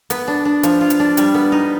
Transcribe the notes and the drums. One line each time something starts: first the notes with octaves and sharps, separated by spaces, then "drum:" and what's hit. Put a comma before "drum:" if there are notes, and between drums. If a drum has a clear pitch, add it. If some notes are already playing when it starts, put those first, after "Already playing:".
B3, drum: hi-hat
D4
D4
F3, drum: hi-hat
F4
drum: hi-hat
D4
G3, drum: hi-hat
B3
D#4